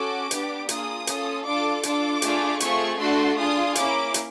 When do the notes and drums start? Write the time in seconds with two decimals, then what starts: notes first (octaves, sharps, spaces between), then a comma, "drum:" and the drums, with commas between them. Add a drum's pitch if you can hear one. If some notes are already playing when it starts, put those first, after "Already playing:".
Already playing: C#4 F#4 A4 D6
0.31 B3 D4 G4, drum: hi-hat
0.69 A#3 D4 F4 G#4 D#6, drum: hi-hat
1.07 C#4 F4 A4, drum: hi-hat
1.45 D4 F4 A4 D6
1.83 D4 F4 A4 D6, drum: hi-hat
2.22 A3 D4 F4 G#4, drum: hi-hat
2.60 A3 C4 F4 G#4 C#6, drum: hi-hat
2.99 A3 D4 F#4 A4 C6
3.37 D4 F4 G#4 D#6
3.75 A#3 C#4 E4 D6, drum: hi-hat
4.14 drum: hi-hat